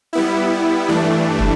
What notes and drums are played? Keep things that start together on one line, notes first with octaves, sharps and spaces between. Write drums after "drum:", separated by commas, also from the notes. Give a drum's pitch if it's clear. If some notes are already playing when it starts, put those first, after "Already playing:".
G3 B3 E4
G2 E3 A3 D4
drum: kick